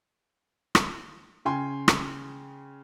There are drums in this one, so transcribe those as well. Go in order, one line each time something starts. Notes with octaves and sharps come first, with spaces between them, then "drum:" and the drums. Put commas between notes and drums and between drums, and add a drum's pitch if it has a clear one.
drum: rim click
C#3 G5 G#5 C6
drum: rim click